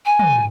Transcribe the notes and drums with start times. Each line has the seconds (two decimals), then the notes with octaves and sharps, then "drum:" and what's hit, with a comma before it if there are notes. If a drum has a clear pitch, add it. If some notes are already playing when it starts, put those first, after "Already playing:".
0.06 G#5
0.19 drum: tom